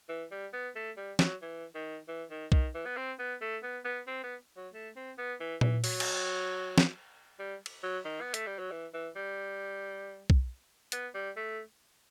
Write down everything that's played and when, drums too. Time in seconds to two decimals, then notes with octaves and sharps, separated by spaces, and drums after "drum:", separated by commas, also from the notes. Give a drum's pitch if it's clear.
0.09 E3
0.31 G3
0.53 B3
0.75 A3
0.97 G3
1.19 F#3, drum: snare
1.41 E3
1.75 D#3
2.08 E3
2.30 D#3
2.52 D#3, drum: kick
2.74 E3
2.85 B3
2.97 C4
3.19 B3
3.41 A3
3.63 B3
3.84 B3
4.07 C4
4.23 B3
4.56 F#3
4.73 A3
4.96 C4
5.18 B3
5.40 E3
5.61 E3, drum: tom A#2
5.84 F#3, drum: open hi-hat
6.00 drum: cymbal
6.78 drum: snare
7.39 G3
7.66 drum: cymbal
7.83 F#3
8.05 D#3
8.21 B3
8.34 A3, drum: hi-hat
8.46 G3
8.59 F#3
8.71 E3
8.93 E3
9.15 G3
10.30 drum: kick
10.92 B3, drum: hi-hat
11.14 G3
11.36 A3